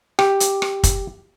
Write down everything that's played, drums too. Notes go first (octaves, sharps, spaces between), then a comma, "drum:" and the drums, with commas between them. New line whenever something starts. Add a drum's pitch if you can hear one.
G4, drum: rim click
drum: hi-hat
drum: rim click
drum: kick, hi-hat